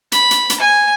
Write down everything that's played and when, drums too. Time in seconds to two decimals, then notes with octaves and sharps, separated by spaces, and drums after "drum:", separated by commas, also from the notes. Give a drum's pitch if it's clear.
0.12 B5, drum: hi-hat
0.31 drum: hi-hat
0.50 drum: hi-hat
0.60 G#5